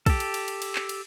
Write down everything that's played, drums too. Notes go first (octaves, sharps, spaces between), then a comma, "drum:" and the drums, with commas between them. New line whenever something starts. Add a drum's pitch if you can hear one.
G4 A4, drum: kick, cymbal
drum: cymbal
drum: cymbal
drum: cymbal
drum: cymbal
drum: clap
drum: cymbal